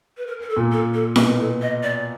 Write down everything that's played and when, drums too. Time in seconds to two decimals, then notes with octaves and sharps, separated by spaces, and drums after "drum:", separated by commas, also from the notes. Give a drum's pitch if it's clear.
0.17 B4
0.27 A#4
0.42 A#4
0.49 A4
0.57 A#2
0.72 A4
0.94 A4
1.16 B2 A#4, drum: snare E4
1.39 A4
1.61 D#5
1.83 D5